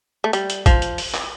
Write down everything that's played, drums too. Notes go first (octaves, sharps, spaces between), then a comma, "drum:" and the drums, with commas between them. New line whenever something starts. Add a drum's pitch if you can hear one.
A3
G3, drum: hi-hat
drum: hi-hat
F3, drum: kick, hi-hat
drum: hi-hat
drum: open hi-hat
drum: clap